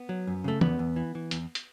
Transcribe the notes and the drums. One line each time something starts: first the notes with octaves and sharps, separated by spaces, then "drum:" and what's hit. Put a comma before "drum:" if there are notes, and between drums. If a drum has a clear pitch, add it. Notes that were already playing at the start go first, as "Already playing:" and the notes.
Already playing: B3
F#3
F#2
C#3 A3
E2 B3, drum: tom
E2
E3
E3
E2, drum: hi-hat
drum: hi-hat